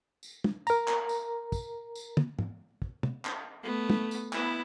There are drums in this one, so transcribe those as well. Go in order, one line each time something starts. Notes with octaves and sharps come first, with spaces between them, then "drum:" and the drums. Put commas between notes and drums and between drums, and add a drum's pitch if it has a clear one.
drum: tambourine
drum: tom
A#4 A#5, drum: tambourine
drum: clap
drum: tambourine
drum: kick, tambourine
drum: tambourine
drum: tom
drum: tom
drum: kick
drum: tom
drum: clap
A3 B3
drum: tom
drum: tambourine
B3 E4, drum: clap